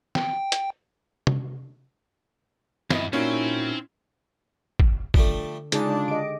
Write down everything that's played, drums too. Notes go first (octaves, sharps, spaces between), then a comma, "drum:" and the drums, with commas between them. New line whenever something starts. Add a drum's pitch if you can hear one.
G5, drum: snare
drum: hi-hat
drum: tom C3
G2 E4 D#5 E5, drum: snare
A#2 C4 C#4 D#4 E4 F#4 A#4
drum: kick
D3 F3 G3 A3, drum: kick
C#3 G#3 D4 D#4 F4 G#4 A5, drum: hi-hat
D3 G4 D#5 D7